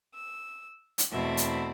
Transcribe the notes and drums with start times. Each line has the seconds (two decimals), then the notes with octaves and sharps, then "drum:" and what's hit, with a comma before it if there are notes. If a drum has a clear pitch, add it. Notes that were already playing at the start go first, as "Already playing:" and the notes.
0.15 E6
0.98 drum: hi-hat
1.12 E2 B2 A3 C4 E4 E5
1.37 drum: hi-hat